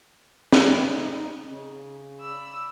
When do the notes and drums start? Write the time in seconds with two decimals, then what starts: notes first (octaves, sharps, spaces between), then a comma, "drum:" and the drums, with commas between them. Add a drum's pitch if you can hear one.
0.52 drum: snare
0.77 D#4
1.48 C#3
2.20 D5 B5 E6